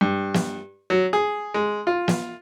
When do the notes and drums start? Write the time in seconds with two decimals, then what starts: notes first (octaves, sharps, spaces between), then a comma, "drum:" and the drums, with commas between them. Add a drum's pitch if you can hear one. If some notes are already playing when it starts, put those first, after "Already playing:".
0.01 G2
0.34 drum: snare
0.90 F#3
1.13 G#4
1.54 G#3
1.87 F4
2.08 drum: snare